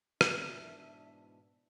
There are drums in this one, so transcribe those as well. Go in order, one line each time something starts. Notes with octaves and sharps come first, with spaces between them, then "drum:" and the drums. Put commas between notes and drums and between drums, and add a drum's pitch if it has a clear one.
G#2 B2 E3 D4 E5, drum: rim click